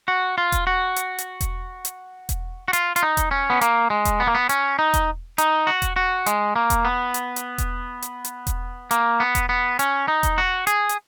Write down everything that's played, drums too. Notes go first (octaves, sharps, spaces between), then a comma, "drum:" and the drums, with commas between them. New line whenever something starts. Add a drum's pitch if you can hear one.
F#4
F4
drum: kick E1, hi-hat
F#4
drum: hi-hat
drum: hi-hat
drum: kick E1, hi-hat
drum: hi-hat
drum: kick E1, hi-hat
F#4
F4, drum: hi-hat
F4, drum: hi-hat
D#4
drum: kick E1, hi-hat
C#4
B3
A#3, drum: hi-hat
G#3
drum: kick E1, hi-hat
B3
A#3
B3
C#4, drum: hi-hat
D#4
drum: kick E1, hi-hat
D#4, drum: hi-hat
F#4
drum: kick E1, hi-hat
F#4
G#3, drum: hi-hat
A#3
drum: kick E1, hi-hat
B3
drum: hi-hat
drum: hi-hat
drum: kick E1, hi-hat
drum: hi-hat
drum: hi-hat
drum: kick E1, hi-hat
A#3, drum: hi-hat
B3
drum: kick E1, hi-hat
B3
C#4, drum: hi-hat
D#4
drum: kick E1, hi-hat
F#4
G#4, drum: hi-hat
drum: hi-hat